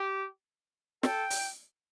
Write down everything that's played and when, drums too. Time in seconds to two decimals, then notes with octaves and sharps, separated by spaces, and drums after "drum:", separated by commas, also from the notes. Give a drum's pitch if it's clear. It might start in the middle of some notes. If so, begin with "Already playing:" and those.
Already playing: G4
1.03 A4 G5, drum: snare
1.30 drum: open hi-hat